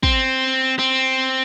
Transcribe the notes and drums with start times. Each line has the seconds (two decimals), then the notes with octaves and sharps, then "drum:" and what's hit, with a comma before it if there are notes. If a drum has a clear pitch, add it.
0.03 C4, drum: kick
0.79 C4